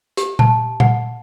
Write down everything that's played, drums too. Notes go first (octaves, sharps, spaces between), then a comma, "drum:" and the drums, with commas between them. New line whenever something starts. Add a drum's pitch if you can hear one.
G4, drum: hi-hat
A5, drum: tom A#2
F#5, drum: tom A#2